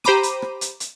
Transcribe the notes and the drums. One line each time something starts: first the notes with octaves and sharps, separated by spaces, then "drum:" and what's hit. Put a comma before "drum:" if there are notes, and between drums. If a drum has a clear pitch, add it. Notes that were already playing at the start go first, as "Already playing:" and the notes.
G4 C5 A#5 B5 D6 D#7, drum: rim click
drum: hi-hat
drum: rim click
drum: hi-hat
drum: hi-hat